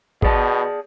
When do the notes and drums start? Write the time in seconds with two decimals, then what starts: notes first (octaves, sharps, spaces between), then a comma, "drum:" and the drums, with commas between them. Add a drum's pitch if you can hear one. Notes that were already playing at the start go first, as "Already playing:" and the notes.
0.22 B2 G#4 D5 A5, drum: kick G#1